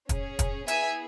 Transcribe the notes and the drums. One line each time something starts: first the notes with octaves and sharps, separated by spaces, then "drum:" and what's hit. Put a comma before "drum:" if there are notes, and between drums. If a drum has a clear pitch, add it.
C#4 G#4, drum: kick, hi-hat
drum: kick, hi-hat
B3 E4 G#4 E5 G#5, drum: hi-hat